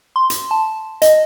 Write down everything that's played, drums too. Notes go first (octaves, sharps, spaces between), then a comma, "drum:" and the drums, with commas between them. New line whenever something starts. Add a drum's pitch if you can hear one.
C6
drum: hi-hat
A5
D#5, drum: hi-hat